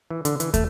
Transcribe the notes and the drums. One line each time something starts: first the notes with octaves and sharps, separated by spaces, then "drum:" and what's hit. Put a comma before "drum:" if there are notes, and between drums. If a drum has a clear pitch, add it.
E3
D3, drum: hi-hat
E3, drum: hi-hat
A3, drum: kick, hi-hat